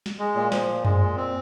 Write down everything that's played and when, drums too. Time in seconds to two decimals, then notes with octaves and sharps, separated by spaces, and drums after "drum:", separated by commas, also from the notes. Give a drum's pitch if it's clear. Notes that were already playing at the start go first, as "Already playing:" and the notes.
0.06 drum: snare
0.19 G#3
0.35 A#2
0.52 F3, drum: snare
0.69 A#2
0.85 G#3, drum: tom F#2
1.01 A#2
1.17 C4